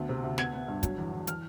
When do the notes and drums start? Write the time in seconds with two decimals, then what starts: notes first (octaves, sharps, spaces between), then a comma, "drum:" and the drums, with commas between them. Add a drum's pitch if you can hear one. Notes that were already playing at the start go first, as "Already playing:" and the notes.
Already playing: D2 B3
0.09 C3
0.24 D2
0.38 B3 G#6, drum: snare
0.53 B3
0.68 G2
0.83 F#3, drum: kick, hi-hat
0.98 E2
1.13 E2
1.27 E3 F6, drum: hi-hat